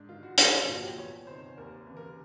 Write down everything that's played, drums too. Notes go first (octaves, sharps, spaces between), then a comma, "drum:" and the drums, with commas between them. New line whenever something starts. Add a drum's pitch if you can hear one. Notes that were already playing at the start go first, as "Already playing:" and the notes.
Already playing: G#2 D4
D#3 F4
F#4
C2 F4, drum: hi-hat
F4
A#2 F3 F#4
G4
E2 C#5
C3 D#3 C5
D#2 A#4
C#3 E3
A#4